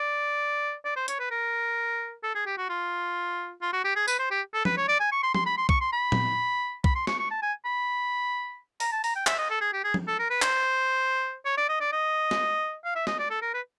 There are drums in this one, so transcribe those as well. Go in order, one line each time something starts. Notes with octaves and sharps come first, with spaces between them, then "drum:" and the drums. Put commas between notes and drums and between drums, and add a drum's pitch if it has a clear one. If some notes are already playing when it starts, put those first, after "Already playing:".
Already playing: D5
D5
C5
C#5, drum: hi-hat
B4
A#4
A4
G#4
G4
F#4
F4
F4
F#4
G4
G#4
B4, drum: tambourine
C5
G4
A4
B4, drum: tom F3
C#5
D5
G#5
C#6
C6
C6, drum: tom F3
B5
C6
C#6, drum: kick
C6
B5
drum: tom A#2
B5, drum: kick
C6
C#6, drum: snare
C#6
A5
G#5
B5
A#5, drum: open hi-hat
A5
A#5, drum: open hi-hat
G5
E5, drum: clap
D#5
A4
G#4
G4
G#4
drum: tom F3
A4
A#4
B4
C5, drum: clap
C#5
D5
D#5
D5
D#5
drum: snare
F5
E5
D#5, drum: snare
D5
A4
A#4
B4